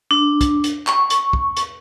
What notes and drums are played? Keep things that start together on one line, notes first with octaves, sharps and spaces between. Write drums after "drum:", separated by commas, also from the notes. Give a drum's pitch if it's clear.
D4
drum: kick, hi-hat
drum: hi-hat
C#6, drum: clap
drum: hi-hat
drum: kick
drum: hi-hat